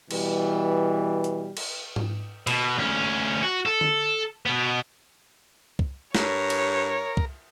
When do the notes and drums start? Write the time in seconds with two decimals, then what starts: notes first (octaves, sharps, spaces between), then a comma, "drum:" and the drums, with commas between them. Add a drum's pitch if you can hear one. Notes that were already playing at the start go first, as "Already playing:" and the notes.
0.11 B2 E3 G3, drum: cymbal
1.24 drum: hi-hat
1.57 drum: cymbal
1.96 drum: tom G#2
2.47 B2, drum: cymbal
2.77 D2 C#4
3.42 F#4
3.66 A4
3.81 drum: tom D3
4.46 B2 B3
5.79 drum: kick
6.15 G2 A#4 C#5, drum: snare
6.50 drum: cymbal
7.17 drum: kick